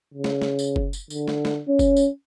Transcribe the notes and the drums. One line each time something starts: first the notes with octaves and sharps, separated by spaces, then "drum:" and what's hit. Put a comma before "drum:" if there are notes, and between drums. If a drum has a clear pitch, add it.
C#3
drum: snare
drum: snare
drum: tambourine
drum: kick F#1
drum: tambourine
D3, drum: tambourine
drum: snare
drum: snare
C#4
drum: kick F#1, tambourine
drum: tambourine